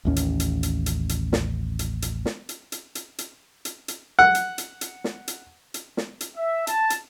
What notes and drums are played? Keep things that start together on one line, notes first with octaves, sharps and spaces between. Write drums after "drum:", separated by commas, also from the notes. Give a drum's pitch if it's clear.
A1 D#2 C#4
drum: hi-hat
drum: hi-hat
drum: hi-hat
drum: hi-hat
drum: hi-hat
drum: snare
drum: hi-hat
drum: hi-hat
drum: snare
drum: hi-hat
drum: hi-hat
drum: hi-hat
drum: hi-hat
drum: hi-hat
drum: hi-hat
F#5
drum: hi-hat
drum: hi-hat
drum: hi-hat
drum: snare
drum: hi-hat
drum: hi-hat
drum: snare
drum: hi-hat
E5
A5, drum: hi-hat
drum: hi-hat